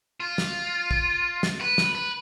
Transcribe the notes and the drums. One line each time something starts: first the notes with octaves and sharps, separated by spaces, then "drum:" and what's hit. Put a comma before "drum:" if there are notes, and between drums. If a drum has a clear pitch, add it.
F4
drum: snare
drum: kick
drum: snare
B4
drum: snare
B4